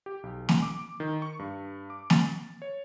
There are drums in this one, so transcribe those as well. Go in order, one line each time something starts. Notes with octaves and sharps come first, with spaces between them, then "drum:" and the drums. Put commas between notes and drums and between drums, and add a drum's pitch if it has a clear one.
G4
B1
drum: snare
D6
D#3
C#6
G2
D6
A6, drum: snare
C#5